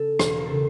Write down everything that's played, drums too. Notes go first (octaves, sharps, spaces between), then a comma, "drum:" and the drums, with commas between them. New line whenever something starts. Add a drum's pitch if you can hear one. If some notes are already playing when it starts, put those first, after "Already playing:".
Already playing: C#3 A4
E1, drum: rim click
A#4
C#3 A4